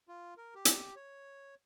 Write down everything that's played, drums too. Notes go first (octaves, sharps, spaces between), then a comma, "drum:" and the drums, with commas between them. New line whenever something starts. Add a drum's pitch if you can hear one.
F4
A#4
G4
drum: hi-hat
C#5